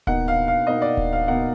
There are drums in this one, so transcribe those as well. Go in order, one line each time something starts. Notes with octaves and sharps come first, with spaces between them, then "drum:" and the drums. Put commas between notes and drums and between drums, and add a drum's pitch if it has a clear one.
B2 A#3 D#4 F#5, drum: kick D1
F5
F5
B2 A#3 D#4 D#5
D5
drum: kick D1
F5
B2 A#3 D#4 F#5